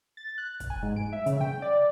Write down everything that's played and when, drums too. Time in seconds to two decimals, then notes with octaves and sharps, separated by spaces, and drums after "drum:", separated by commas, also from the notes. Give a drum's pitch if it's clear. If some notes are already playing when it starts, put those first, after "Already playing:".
0.17 A6
0.38 F#6
0.60 drum: kick, hi-hat
0.70 G#5
0.83 G#2
0.96 D7
1.13 E5
1.26 C#3, drum: hi-hat
1.41 G5
1.62 D5